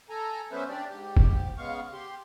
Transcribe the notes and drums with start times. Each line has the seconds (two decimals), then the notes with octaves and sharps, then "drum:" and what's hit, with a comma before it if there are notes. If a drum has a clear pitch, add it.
0.09 A4 G#5 A#5
0.52 F#3 B3 C#4 B4 C5 E5
0.69 D4 G4 D5
0.90 G#2 G4
1.17 drum: kick
1.58 C#3 G#3 B3 F5 C#6
1.93 G4 C6